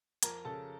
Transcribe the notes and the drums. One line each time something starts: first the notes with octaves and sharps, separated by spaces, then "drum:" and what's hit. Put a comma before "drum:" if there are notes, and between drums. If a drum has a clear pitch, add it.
F2 A#4 A#5, drum: hi-hat
C#3 A4 A5